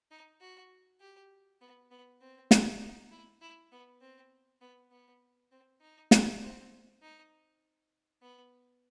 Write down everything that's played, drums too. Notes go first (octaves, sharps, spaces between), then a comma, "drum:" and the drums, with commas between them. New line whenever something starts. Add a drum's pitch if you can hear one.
D#4
F#4
G4
B3
B3
C4
drum: snare
D#4
E4
E4
B3
C4
B3
B3
C4
D#4
drum: snare
C4
D#4
B3